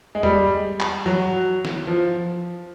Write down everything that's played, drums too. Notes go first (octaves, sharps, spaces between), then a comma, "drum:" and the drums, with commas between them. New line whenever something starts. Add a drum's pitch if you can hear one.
G#3
G3, drum: tom E2
drum: clap
F#3
drum: snare
F3